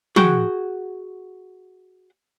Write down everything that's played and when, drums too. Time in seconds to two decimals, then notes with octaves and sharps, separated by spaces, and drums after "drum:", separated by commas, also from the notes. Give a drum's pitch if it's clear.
0.16 F#4 G#4 F#5 G5, drum: tom F3